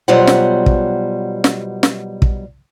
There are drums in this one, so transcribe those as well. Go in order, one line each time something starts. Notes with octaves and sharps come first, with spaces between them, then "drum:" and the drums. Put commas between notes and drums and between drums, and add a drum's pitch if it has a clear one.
B2 F#3 G3 F4 C5 F#5
drum: snare
drum: kick
drum: snare
drum: snare
drum: kick